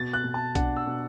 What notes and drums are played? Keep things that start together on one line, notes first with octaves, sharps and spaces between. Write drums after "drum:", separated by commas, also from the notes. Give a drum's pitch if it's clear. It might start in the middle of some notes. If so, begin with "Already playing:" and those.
Already playing: B2 A6
F#6
B2
A5
D4 F#5, drum: kick B1, hi-hat
E6
B2